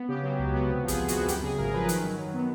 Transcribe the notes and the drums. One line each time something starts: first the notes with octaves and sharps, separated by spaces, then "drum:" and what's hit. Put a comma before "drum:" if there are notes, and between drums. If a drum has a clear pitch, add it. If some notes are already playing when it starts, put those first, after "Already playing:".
Already playing: B3
C#3 G4
F#3
C#2
B3
C3
F3
G#4, drum: kick, hi-hat
D2
F#4, drum: hi-hat
D2
F#2 G4, drum: hi-hat
C#3 G#4
G#1 A#4
F3 B4
D#3, drum: hi-hat
F#3
F#2
B3